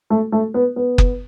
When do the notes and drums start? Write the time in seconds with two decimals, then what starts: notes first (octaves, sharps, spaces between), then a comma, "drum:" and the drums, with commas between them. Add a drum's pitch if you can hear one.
0.10 A3
0.32 A3
0.54 B3
0.76 B3
0.98 drum: kick F#1